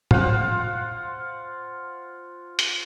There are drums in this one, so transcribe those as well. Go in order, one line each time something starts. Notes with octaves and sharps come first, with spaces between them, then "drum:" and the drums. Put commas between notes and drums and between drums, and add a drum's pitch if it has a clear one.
F4 C5 F5 F#5, drum: tom
drum: hi-hat